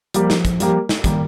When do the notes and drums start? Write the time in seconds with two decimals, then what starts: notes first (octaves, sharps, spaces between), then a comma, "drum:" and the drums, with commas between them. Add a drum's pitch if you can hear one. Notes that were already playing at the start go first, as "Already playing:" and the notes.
0.14 F3 G3 A#3 G4, drum: hi-hat
0.30 drum: snare
0.45 drum: kick, hi-hat
0.60 G3 A#3 G4, drum: hi-hat
0.89 drum: snare
1.04 D#3 G3 A#3 G4, drum: kick, hi-hat